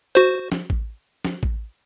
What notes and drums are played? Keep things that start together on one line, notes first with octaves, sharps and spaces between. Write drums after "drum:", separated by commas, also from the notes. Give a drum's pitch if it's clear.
F#4 C5
drum: snare
drum: kick A1
drum: snare
drum: kick A1